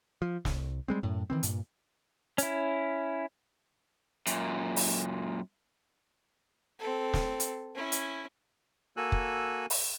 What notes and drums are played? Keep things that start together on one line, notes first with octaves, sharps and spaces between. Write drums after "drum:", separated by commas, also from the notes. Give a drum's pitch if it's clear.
F3
C2, drum: snare
G3 G#3 C4
F#2 A2
D#3 E3 C4
G2 A#2, drum: hi-hat
C#4 E4, drum: hi-hat
F#2 A#2, drum: hi-hat
drum: open hi-hat
C4 A4
drum: snare
drum: hi-hat
C#4 E4
drum: hi-hat
A#3 F#4 A4 G#5 E6 F#6
drum: kick
drum: open hi-hat